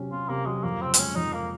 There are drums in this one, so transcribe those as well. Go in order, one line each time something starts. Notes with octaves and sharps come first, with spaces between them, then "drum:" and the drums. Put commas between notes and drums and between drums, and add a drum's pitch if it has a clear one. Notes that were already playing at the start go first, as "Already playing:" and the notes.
Already playing: C3 F#3 C#4
C3 F4
C3 A#3
F#3 G#3
F2 A#3
C#3 C4
C4, drum: hi-hat
G#3 C#4
F2 D#4
A#3